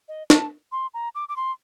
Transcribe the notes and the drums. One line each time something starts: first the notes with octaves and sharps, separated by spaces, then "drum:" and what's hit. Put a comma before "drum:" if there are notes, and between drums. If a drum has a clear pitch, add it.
D#5
A5, drum: snare
C6
A#5
D6
D6
C6